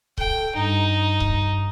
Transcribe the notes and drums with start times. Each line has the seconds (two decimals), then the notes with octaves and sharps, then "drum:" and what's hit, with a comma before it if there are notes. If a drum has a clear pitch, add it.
0.18 A4 G5, drum: kick C#1
0.55 G2 D#4
1.20 drum: kick C#1